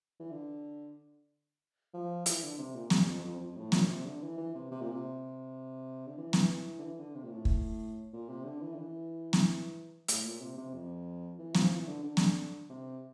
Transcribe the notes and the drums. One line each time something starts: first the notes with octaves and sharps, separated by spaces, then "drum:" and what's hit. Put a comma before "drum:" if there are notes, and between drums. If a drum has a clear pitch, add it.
E3
D3
F3
E3, drum: hi-hat
D3
C3
A#2
G2, drum: snare
F2
F2
F2
A2
A#2, drum: snare
C3
D3
E3
E3
C3
C3
A#2
C3
D3
E3
drum: snare
E3
D3
E3
D3
C3
A#2
A2
drum: kick
A#2
C3
D3
E3
D3
E3
drum: snare
A2, drum: hi-hat
A#2
C3
C3
F2
E3
F3, drum: snare
E3
D3
D3
drum: snare
C3